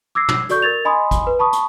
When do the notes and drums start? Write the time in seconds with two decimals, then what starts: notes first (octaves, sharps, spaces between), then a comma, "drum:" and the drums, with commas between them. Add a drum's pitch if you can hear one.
0.15 D6 E6 G#6 A#6 C7
0.29 drum: tom
0.49 F#4 A4 D5 C#6 G6, drum: hi-hat
0.62 A#4 G#6 A6 F7
0.85 D#5 G#5 B5 C6 D#6
1.11 drum: kick, hi-hat
1.27 B4
1.39 A5 B5 C#6 D#6
1.53 drum: hi-hat